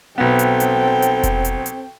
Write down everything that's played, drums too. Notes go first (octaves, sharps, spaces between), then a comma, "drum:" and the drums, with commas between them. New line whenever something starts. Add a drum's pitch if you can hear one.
B1 B3 C4 A4 G5
drum: hi-hat
drum: hi-hat
drum: hi-hat
drum: kick F1, hi-hat
drum: hi-hat
drum: hi-hat